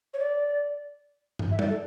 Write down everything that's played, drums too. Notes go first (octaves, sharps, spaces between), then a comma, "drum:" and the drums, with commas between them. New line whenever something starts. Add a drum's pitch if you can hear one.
C#5
D5
drum: tom
E5
D5, drum: tom
A4